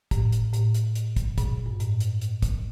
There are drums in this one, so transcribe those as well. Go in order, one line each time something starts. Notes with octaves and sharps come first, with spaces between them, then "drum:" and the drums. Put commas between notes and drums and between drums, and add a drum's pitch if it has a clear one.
A2, drum: kick, hi-hat
drum: hi-hat
A2, drum: hi-hat
drum: hi-hat
drum: hi-hat
drum: kick, hi-hat
A#2, drum: kick, hi-hat
G2
A2, drum: hi-hat
drum: hi-hat
drum: hi-hat
drum: kick, hi-hat